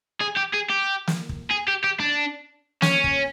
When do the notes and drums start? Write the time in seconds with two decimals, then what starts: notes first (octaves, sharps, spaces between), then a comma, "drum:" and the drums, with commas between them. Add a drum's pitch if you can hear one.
0.21 G#4
0.37 G4
0.53 G#4
0.70 G4
1.07 drum: snare
1.29 drum: kick
1.51 G#4
1.68 G4
1.84 G4
2.00 D4
2.82 C#4, drum: snare
3.04 drum: kick